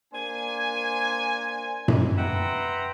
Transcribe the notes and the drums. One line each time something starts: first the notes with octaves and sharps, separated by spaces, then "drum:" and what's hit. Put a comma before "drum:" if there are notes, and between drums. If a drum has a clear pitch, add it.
A#3 D4 C5 G#5
drum: tom F#2
B4 E5 F#5 G5 A#5 C6